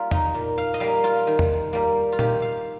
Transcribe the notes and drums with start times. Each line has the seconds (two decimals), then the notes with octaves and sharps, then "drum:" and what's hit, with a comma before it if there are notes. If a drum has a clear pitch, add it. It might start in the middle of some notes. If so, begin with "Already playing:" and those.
Already playing: G3 A#3 F4 A#4
0.11 D#4, drum: tom E2
0.34 A#2
0.58 F5
0.74 D#5
0.80 G3 A#3 F5
1.04 F4
1.27 D#3
1.39 drum: tom E2
1.73 G3 A#3
2.12 F4
2.19 D#3 G4, drum: tom A#2
2.42 F5